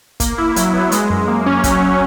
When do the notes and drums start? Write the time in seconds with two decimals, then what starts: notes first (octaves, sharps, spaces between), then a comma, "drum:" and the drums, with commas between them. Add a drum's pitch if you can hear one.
0.20 A#3, drum: kick, hi-hat
0.38 E4
0.56 F#3, drum: hi-hat
0.74 B3
0.92 G#3, drum: hi-hat
1.10 F#2
1.28 A#3
1.46 C#4
1.64 F#3, drum: kick, hi-hat